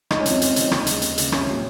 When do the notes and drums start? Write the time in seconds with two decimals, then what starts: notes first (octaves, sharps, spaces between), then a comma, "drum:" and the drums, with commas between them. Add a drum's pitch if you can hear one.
0.11 C#2 D#4, drum: rim click
0.20 C#4
0.26 C3 F3 C4, drum: hi-hat
0.42 C#2, drum: hi-hat
0.51 C#4
0.56 C3 F3 D#4, drum: hi-hat
0.71 D#2 D#4, drum: rim click
0.87 C#3 G#3, drum: hi-hat
1.02 D#2, drum: hi-hat
1.18 C#3 G#3, drum: hi-hat
1.32 C2 C#4, drum: rim click
1.48 A#2 F#3